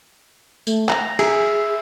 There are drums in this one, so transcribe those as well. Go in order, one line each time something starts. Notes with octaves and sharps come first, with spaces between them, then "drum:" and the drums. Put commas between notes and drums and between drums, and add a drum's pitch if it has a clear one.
A3, drum: tambourine
A#5, drum: clap
G#4 E5, drum: cymbal